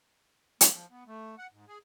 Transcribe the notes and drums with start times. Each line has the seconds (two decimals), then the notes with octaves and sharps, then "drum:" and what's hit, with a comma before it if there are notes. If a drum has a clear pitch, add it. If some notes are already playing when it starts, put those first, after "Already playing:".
0.61 A#3, drum: hi-hat
0.73 F3
0.90 B3
1.07 A3
1.38 F#5
1.52 G#2
1.68 G#4